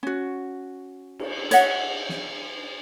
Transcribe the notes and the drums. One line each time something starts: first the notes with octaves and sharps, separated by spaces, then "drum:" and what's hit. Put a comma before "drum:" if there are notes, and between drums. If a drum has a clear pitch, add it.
C#4 F#4
drum: cymbal
C#5 D#5 E5 F#5, drum: hi-hat
drum: snare